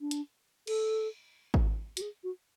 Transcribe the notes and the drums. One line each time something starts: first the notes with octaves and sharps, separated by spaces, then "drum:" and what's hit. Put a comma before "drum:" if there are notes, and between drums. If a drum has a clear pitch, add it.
D4
drum: hi-hat
A4, drum: cymbal
drum: kick G#1
F#4, drum: hi-hat
G#4
F#4